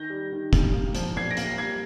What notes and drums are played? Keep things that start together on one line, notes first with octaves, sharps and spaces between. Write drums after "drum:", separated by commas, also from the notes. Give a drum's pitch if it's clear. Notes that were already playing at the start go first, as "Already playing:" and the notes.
Already playing: D#3 G6 A#6
G3
D#3
G3, drum: kick, hi-hat
A#3
F3, drum: hi-hat
A#2 G#6 C7
A#6 D7
A#3, drum: hi-hat
G3 G#6 C7